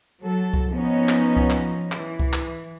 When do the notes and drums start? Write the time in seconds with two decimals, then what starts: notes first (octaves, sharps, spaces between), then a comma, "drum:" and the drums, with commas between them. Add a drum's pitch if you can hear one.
0.21 F#3 A4
0.54 drum: kick C2
0.72 F3 B3 C#4 D#4
1.09 drum: clap
1.37 drum: kick C2
1.50 drum: clap
1.92 E3, drum: clap
2.20 drum: kick C2
2.33 drum: clap